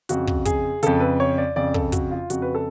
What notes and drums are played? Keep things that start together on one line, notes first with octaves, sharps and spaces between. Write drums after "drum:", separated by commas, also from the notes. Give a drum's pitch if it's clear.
F2 C#3 F#4, drum: hi-hat
drum: kick
G#4, drum: kick, hi-hat
F2 C#3 A4, drum: hi-hat
B4
C#5
D5
F2 C#3 D5
A4, drum: kick
F#4, drum: kick, hi-hat
F4
F2 C#3 F#4, drum: hi-hat
B4
A4